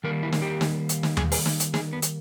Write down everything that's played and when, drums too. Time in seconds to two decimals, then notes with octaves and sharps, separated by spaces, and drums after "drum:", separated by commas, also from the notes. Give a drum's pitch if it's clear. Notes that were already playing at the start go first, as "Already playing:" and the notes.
0.04 D#3 G3 A#3 A#4
0.23 E4
0.32 drum: snare
0.42 G4
0.61 drum: snare
0.89 drum: hi-hat
1.03 drum: snare
1.17 G#4, drum: tom D#2
1.32 G#4, drum: open hi-hat
1.46 drum: snare
1.60 drum: hi-hat
1.74 G#4, drum: snare
1.93 B3
2.02 drum: hi-hat